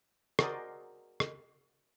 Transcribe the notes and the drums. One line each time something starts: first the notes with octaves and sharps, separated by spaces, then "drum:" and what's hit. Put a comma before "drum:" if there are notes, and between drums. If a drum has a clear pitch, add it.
F#4 G#4 A#4 C5 D5 D#5, drum: rim click
drum: rim click